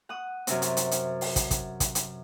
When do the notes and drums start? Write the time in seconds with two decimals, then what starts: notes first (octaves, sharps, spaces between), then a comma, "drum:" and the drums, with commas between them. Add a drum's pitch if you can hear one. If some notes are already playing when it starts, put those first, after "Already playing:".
0.09 F#5 D#6
0.47 F#2 C3 C4, drum: hi-hat
0.62 drum: hi-hat
0.77 drum: hi-hat
0.91 drum: hi-hat
1.21 drum: open hi-hat
1.36 drum: kick, hi-hat
1.51 drum: kick, hi-hat
1.80 drum: kick, hi-hat
1.95 drum: hi-hat